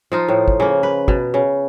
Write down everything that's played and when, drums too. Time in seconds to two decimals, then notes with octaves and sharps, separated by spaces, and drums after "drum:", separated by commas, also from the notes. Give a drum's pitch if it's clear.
0.12 F3 D#4 F4
0.29 A2
0.48 drum: kick
0.60 C#3 A#3
0.83 B4
1.08 B2, drum: kick
1.34 C#3